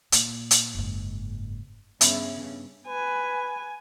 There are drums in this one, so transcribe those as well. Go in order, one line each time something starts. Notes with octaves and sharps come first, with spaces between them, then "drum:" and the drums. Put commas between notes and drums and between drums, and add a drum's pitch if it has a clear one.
A#2, drum: hi-hat
drum: hi-hat
F#1 G#2
G2 C#3 B3 E5, drum: hi-hat
B4 G#5